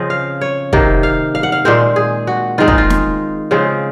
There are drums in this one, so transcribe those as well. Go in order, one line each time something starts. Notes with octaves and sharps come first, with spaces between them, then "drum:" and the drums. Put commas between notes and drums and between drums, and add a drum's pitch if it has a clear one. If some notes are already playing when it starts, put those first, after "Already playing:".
Already playing: C#3 F3 C4 D#5
F5
C#5
C3 D#3 A#3, drum: kick
F5
F5
F#5
F5
A#2 G#3 C4 C5
G#4
F#4
D#3 G#3 C4 F4
D#4, drum: kick
F4
drum: snare
C#3 F3 G#3 C4